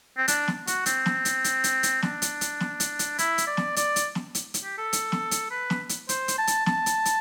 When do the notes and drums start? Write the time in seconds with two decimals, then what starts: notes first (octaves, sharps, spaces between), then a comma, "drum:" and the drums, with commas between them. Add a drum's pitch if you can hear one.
0.17 C4
0.28 D4, drum: hi-hat
0.48 drum: snare
0.67 F#4, drum: hi-hat
0.86 C4, drum: hi-hat
1.06 drum: snare
1.25 drum: hi-hat
1.44 drum: hi-hat
1.64 drum: hi-hat
1.83 drum: hi-hat
2.02 D4, drum: snare
2.22 drum: hi-hat
2.41 drum: hi-hat
2.60 drum: snare
2.80 drum: hi-hat
2.99 drum: hi-hat
3.18 E4, drum: hi-hat
3.38 drum: hi-hat
3.47 D5
3.57 drum: snare
3.76 D5, drum: hi-hat
3.96 drum: hi-hat
4.15 drum: snare
4.35 drum: hi-hat
4.54 drum: hi-hat
4.64 G4
4.78 A4
4.93 drum: hi-hat
5.12 drum: snare
5.31 drum: hi-hat
5.51 B4
5.70 drum: snare
5.89 drum: hi-hat
6.09 C5, drum: hi-hat
6.28 drum: hi-hat
6.38 A5
6.47 drum: hi-hat
6.66 A5, drum: snare
6.86 drum: hi-hat
7.05 drum: hi-hat